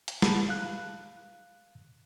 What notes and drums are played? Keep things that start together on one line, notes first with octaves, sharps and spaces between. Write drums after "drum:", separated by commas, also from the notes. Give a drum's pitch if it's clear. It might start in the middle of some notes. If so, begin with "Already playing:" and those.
drum: hi-hat
A5 B5, drum: snare
F5 F#6